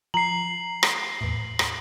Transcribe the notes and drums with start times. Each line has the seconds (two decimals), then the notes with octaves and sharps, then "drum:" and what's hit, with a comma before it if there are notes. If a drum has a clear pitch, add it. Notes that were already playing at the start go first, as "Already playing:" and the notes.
0.14 F3 A#5 C7 F#7
0.83 drum: rim click
1.21 E2 A2
1.59 drum: rim click